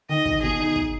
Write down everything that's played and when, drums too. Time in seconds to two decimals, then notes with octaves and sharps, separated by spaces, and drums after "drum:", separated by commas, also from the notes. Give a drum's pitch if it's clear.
0.09 D#3 D#5
0.25 D#3, drum: kick
0.42 B2 G#4
0.59 D#4
0.76 drum: kick